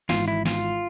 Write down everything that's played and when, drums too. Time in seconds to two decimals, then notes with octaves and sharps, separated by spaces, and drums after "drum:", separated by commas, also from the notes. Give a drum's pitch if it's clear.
0.09 G#1 G#2 E3 F4, drum: snare
0.28 E4
0.45 F4, drum: snare